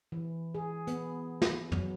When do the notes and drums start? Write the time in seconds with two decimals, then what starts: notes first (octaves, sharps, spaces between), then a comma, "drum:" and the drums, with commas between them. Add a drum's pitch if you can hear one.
0.12 E3
0.55 G#4
0.87 B3, drum: hi-hat
1.42 drum: snare
1.72 F#3, drum: tom